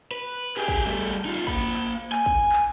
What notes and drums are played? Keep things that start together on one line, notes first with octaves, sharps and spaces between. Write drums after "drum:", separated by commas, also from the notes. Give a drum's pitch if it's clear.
B4
G4 G#4, drum: clap
drum: kick
G3 A3
D#4 F4
A#3 B5, drum: kick
drum: clap
G#5, drum: clap
drum: kick
drum: clap